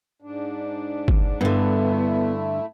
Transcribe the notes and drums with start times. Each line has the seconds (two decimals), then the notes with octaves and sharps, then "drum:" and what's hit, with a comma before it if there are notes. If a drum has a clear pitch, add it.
0.22 G#2 D4
1.08 drum: kick
1.41 G2 D3 A3 B3 E4